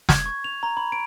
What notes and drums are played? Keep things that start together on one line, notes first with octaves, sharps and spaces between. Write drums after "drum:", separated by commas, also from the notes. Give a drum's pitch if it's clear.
G#6, drum: snare
C#6
F7
A#5
B5
D7